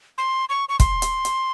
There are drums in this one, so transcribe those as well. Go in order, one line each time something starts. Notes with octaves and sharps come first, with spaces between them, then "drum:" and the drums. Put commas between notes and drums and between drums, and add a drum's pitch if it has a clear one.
C6
C#6
C#6
C6, drum: kick, hi-hat
drum: hi-hat
drum: hi-hat